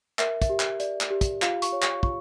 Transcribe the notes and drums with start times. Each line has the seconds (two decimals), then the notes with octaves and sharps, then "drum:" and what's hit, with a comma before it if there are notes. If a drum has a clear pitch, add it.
0.19 A#4 E5, drum: clap
0.42 E5, drum: kick, hi-hat
0.49 G4
0.60 drum: clap
0.80 D5, drum: hi-hat
1.01 drum: clap
1.10 G4
1.21 drum: kick, hi-hat
1.42 F4 F5, drum: clap
1.62 C#6, drum: hi-hat
1.72 C#5
1.82 C#6, drum: clap
2.03 F4 C#6, drum: kick